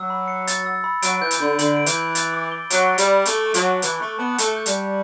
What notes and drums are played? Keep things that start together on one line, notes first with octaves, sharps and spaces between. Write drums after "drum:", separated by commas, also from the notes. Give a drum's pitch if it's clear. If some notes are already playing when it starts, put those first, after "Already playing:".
Already playing: F#3 E6
B5
C#7
A6, drum: hi-hat
E6
B5
F#3 D7, drum: hi-hat
E3 G6
drum: hi-hat
D3 G6
D3 F#7, drum: hi-hat
D7
E3, drum: hi-hat
G6
A6, drum: hi-hat
D6
G7
F#3 D7, drum: hi-hat
A6
G3, drum: hi-hat
D6
A3 C#6, drum: hi-hat
A5
F#3, drum: hi-hat
A6
E3 F#6, drum: hi-hat
A3 C#6
B3 A5
A3 C#7, drum: hi-hat
G6
G3, drum: hi-hat
G6